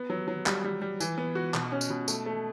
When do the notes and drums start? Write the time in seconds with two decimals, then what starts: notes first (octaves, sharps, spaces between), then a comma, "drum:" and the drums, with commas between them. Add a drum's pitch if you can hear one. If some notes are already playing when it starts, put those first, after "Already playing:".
Already playing: B3
0.10 F#3
0.28 F#3
0.46 G3, drum: clap
0.64 G3
0.82 G3
1.00 E3, drum: tambourine
1.18 B3
1.35 F#4
1.54 B2, drum: clap
1.72 C#4
1.81 drum: tambourine
1.90 B2
2.08 A3, drum: tambourine
2.26 A3